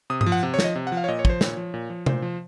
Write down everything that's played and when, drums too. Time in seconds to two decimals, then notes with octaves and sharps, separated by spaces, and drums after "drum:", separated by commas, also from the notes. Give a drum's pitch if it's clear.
0.10 C3 D#6
0.21 D#6, drum: tom G2
0.26 F3
0.32 F#5
0.43 C3
0.54 C#5
0.59 F3, drum: snare
0.64 D#5
0.75 C3
0.87 F#5
0.92 F3
0.97 F5
1.04 C#5
1.08 A#2 D#5
1.19 C#5
1.25 F3 C5, drum: kick
1.41 A#2 C#5, drum: snare
1.57 F3
1.74 A#2
1.90 F3
2.06 A#2 C5, drum: tom C3
2.22 F3